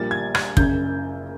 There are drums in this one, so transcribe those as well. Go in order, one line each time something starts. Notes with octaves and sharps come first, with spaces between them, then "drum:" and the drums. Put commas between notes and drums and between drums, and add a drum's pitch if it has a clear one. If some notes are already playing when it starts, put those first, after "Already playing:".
Already playing: A#1 A#2 G3 A#3 A6
G#6
G#6, drum: rim click
F#1 F#2 C#3 G6, drum: kick